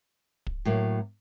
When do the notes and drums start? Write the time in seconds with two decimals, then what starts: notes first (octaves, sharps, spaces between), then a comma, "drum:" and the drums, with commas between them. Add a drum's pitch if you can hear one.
0.46 drum: kick
0.65 A2 F#3 A#3